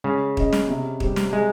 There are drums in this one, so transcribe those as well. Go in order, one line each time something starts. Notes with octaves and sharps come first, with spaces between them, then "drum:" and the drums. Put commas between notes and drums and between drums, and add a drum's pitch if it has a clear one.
C#3 G#3
C#4 G#4 D#5, drum: kick
drum: snare
C3
G3 C4 G4, drum: kick
drum: snare
G#3